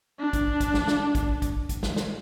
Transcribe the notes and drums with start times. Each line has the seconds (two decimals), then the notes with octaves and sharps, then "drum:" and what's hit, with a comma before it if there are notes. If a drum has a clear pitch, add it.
0.20 D4
0.33 drum: kick, hi-hat
0.60 drum: kick, hi-hat
0.74 drum: snare
0.88 drum: snare
1.15 drum: kick, hi-hat
1.42 drum: kick, hi-hat
1.69 drum: kick, hi-hat
1.83 drum: snare
1.96 drum: snare